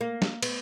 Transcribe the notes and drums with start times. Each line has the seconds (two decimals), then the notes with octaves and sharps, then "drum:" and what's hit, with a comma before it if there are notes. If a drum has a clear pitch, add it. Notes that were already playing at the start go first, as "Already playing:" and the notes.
0.01 A#3
0.22 drum: snare
0.43 B3, drum: cymbal